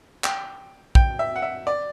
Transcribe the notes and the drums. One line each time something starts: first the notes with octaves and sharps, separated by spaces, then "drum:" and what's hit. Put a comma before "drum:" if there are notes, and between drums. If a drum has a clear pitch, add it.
G5, drum: clap
G5, drum: kick
E5
F#5
E5
D5